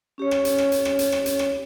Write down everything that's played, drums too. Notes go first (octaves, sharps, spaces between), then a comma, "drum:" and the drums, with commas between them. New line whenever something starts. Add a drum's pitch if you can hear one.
C#4 G4 C#5
drum: rim click
drum: hi-hat
drum: rim click
drum: hi-hat
drum: rim click
drum: hi-hat
drum: rim click
drum: hi-hat
drum: rim click